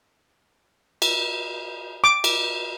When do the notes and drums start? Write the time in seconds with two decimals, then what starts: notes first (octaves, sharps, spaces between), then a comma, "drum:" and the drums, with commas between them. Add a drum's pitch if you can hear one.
1.02 drum: cymbal
2.04 D6
2.24 drum: cymbal